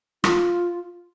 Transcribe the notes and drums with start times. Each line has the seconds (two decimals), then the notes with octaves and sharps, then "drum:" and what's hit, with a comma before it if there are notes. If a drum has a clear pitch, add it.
0.24 F4, drum: rim click